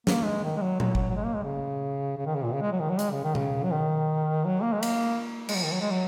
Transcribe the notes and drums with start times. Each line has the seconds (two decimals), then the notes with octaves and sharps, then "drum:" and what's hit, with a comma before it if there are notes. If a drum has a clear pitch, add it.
0.07 A#3, drum: snare
0.25 G#3
0.44 D#3
0.57 G#3
0.62 F#3
0.80 F#3, drum: tom A#2
0.95 drum: kick G#1
1.10 F#3
1.17 G#3
1.25 A#3
1.35 G#3
1.43 C#3
2.17 C#3
2.26 D#3
2.35 C#3
2.44 A#2
2.53 C#3
2.62 G#3
2.72 F#3
2.80 D#3
2.90 F#3
2.99 G#3, drum: hi-hat
3.11 C#3
3.24 D#3
3.35 C#3, drum: tom B2
3.64 F#3
3.72 D#3
4.45 F#3
4.63 A#3
4.73 G#3
4.83 A#3, drum: cymbal
5.49 G#3, drum: cymbal
5.55 F#3
5.64 D#3
5.73 F#3
5.81 G#3
5.91 F#3